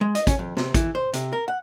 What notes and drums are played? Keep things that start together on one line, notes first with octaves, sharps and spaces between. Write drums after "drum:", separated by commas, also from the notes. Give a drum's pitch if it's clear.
G#3
D#5, drum: hi-hat
C#4, drum: kick, hi-hat
F2
C3, drum: snare
E3, drum: kick, hi-hat
C5
C3, drum: hi-hat
A#4
F#5